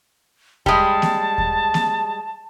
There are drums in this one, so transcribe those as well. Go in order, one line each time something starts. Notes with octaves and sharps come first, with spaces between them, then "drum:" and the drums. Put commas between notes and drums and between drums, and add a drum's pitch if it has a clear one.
G3 G#3 A5, drum: kick D#2
drum: snare A#3
drum: kick D#2
drum: snare A#3